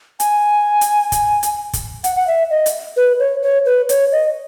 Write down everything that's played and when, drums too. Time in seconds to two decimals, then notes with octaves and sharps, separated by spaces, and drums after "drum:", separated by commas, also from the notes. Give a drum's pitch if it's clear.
0.20 G#5, drum: hi-hat
0.81 drum: hi-hat
1.12 drum: kick, hi-hat
1.43 drum: hi-hat
1.73 drum: kick, hi-hat
2.04 F#5, drum: hi-hat
2.16 F#5
2.27 E5
2.50 D#5
2.66 drum: hi-hat
2.97 B4
3.19 C#5
3.43 C#5
3.65 B4
3.89 C#5, drum: hi-hat
4.12 D#5